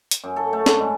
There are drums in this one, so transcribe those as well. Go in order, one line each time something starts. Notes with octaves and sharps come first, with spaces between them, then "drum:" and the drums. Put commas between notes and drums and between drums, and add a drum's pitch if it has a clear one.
drum: hi-hat
F#2
A4
A3
D3, drum: snare
G#2